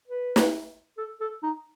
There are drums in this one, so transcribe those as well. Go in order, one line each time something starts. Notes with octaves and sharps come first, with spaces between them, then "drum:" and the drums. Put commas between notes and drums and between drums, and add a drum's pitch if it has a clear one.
B4
drum: snare
A4
A4
D#4